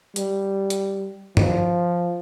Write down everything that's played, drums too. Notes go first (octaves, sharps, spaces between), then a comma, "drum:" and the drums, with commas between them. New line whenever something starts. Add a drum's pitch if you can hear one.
G3, drum: hi-hat
drum: hi-hat
F3, drum: tom G2